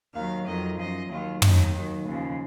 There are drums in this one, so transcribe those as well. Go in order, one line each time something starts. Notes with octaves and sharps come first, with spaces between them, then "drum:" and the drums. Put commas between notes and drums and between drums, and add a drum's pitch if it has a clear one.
D#2 D#3 F#3 F5
F2 D#3 F#3 D#5
F#2 F3 D#5
D#2 D#3 F#3 F4
D#2 D#3 F#3 D#4, drum: tom
D#2 D#3 F#3
D#2 C#3 F3